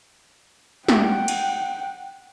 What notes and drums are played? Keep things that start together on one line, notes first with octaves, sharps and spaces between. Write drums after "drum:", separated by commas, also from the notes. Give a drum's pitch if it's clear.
F#5 G5, drum: snare
drum: cymbal